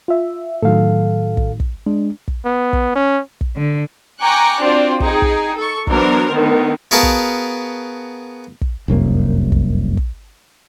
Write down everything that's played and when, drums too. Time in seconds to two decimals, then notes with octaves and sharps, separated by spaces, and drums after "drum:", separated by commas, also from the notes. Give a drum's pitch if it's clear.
0.08 F4 E5
0.63 A2 D#3 F#3 A4 F5
1.37 drum: kick
1.60 drum: kick
1.86 G#3 D4
2.28 drum: kick
2.45 B3
2.73 drum: kick
2.96 C#4
3.41 drum: kick
3.56 D3
4.21 G5 G#5 A#5 C#6 D6 F#6
4.63 C4 D4 F4 F#4 D5
5.00 D#4 G#4 G5, drum: kick
5.22 drum: kick
5.56 A4 C#6
5.87 E3 F#3 B3 D4 A#4 C5, drum: kick
6.31 D3 D#3 A3 B3
6.91 B3 F#4 G#4 A#4 F5 A5
7.03 drum: kick
8.61 drum: kick
8.88 F1 C2 F#2 A#3
9.52 drum: kick
9.97 drum: kick